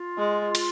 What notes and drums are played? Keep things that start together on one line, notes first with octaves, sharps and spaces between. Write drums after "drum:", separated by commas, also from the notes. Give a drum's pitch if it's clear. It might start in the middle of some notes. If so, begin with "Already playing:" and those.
Already playing: F4
G#3
drum: cymbal